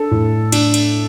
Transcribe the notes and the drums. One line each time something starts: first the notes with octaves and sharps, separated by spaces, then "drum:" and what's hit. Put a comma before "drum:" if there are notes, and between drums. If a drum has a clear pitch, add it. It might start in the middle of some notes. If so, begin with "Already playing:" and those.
Already playing: D4 A4
A2
D4, drum: cymbal
drum: cymbal